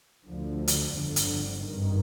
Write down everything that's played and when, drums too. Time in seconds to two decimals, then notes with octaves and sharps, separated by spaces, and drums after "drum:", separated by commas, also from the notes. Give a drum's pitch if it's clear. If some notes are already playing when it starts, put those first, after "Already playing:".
0.24 D2 D3 F3
0.68 drum: hi-hat
0.93 G1 F2 D3
1.16 drum: hi-hat
1.62 G#1 G2 D#3